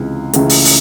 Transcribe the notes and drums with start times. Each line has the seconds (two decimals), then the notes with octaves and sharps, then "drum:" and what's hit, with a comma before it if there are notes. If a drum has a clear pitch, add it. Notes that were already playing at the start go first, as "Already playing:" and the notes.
Already playing: C#2 C3 E3 G#3
0.33 C#2 C#3 E3 A3, drum: hi-hat
0.49 drum: open hi-hat
0.65 drum: open hi-hat